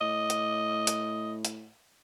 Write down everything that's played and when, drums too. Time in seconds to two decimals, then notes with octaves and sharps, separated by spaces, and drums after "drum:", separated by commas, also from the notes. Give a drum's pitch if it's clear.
0.01 A2 D#5
0.30 drum: hi-hat
0.87 drum: hi-hat
1.45 drum: hi-hat